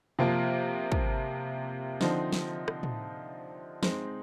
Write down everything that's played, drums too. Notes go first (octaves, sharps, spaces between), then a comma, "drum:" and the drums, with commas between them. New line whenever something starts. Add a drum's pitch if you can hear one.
C3 F3 A#3 F4
drum: kick
D3 F3 C4 D#4, drum: snare
drum: snare
drum: rim click
drum: tom
G#3 C4 D#4, drum: snare